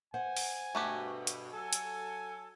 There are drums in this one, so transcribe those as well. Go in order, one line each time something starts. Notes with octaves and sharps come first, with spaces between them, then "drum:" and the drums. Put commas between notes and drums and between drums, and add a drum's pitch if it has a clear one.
C5 F#5 G#5
drum: open hi-hat
G2 B2 A3 F#4 G4
drum: hi-hat
F#3 A4 G#5
drum: hi-hat